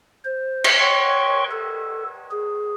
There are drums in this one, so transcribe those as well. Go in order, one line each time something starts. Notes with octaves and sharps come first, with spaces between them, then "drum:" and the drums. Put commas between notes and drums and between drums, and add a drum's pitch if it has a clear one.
C5
drum: cymbal
C#5 G5 C6 C#6
A4
G#4